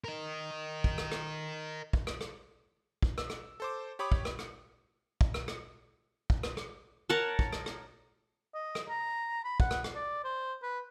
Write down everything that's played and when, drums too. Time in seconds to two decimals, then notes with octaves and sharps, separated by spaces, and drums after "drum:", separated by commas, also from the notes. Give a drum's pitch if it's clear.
0.04 A#4 D#5
0.84 drum: kick
0.98 drum: rim click
1.12 drum: rim click
1.93 drum: kick
2.07 drum: rim click
2.21 drum: rim click
3.02 drum: kick
3.18 E6, drum: rim click
3.30 drum: rim click
3.60 A4 C5 D6
3.99 G4 C#5 B5 D6 D#6
4.12 drum: kick
4.25 drum: rim click
4.39 drum: rim click
5.21 drum: kick
5.34 drum: rim click
5.48 drum: rim click
6.30 drum: kick
6.43 drum: rim click
6.57 drum: rim click
7.09 A#4 C#5 F#5 A5
7.39 drum: kick
7.53 drum: rim click
7.66 drum: rim click
8.54 D#5
8.75 drum: rim click
8.89 A#5
9.44 B5
9.60 F#5, drum: kick
9.71 drum: rim click
9.84 drum: rim click
9.95 D5
10.24 C5
10.62 B4